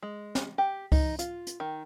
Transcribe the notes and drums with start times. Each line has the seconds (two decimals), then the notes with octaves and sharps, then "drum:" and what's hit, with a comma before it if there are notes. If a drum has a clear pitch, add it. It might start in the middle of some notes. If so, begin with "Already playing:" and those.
0.03 G#3
0.35 drum: snare
0.58 G4
0.92 D#4, drum: kick C#2, open hi-hat
1.19 F4, drum: hi-hat
1.47 drum: hi-hat
1.60 D#3